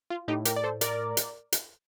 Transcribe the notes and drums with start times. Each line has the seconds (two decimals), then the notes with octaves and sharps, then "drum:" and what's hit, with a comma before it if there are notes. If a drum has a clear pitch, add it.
0.10 F4
0.28 A2 D#4 G4
0.45 G4 A#4, drum: hi-hat
0.56 D5
0.64 A4 C5
0.81 A#4 D5, drum: hi-hat
1.17 drum: hi-hat
1.52 drum: hi-hat